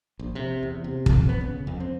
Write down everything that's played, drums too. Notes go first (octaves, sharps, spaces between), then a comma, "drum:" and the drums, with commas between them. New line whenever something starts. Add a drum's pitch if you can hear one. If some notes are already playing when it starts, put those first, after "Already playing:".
A#1
C3
E2
C3
F2, drum: kick
B3
C#3
F2
C4